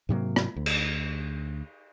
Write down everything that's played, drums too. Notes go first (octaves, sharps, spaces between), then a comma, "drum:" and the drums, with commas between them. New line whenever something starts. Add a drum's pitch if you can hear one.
G#2 C3 F#3 A#3
drum: rim click
D2
drum: cymbal